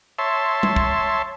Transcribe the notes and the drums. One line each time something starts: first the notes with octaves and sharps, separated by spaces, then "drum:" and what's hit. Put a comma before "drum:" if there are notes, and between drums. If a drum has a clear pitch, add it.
C#5 E5 A5 C6
drum: tom G3
drum: kick